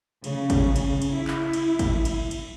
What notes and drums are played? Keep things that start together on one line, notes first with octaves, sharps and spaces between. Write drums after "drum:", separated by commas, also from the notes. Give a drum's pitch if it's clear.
C#3, drum: cymbal
drum: kick, cymbal
drum: cymbal
drum: cymbal
E4
drum: clap
drum: cymbal
drum: kick, cymbal
drum: cymbal
drum: cymbal